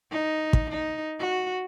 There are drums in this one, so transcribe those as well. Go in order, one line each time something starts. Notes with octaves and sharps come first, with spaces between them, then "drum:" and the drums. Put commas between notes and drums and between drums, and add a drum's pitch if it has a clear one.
D#4
drum: kick
D#4
F#4